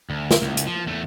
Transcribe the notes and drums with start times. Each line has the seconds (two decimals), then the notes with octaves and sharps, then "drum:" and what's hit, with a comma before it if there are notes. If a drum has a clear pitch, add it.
0.10 D2
0.31 drum: snare
0.42 C#2
0.57 drum: hi-hat
0.67 F3
0.86 E2 A3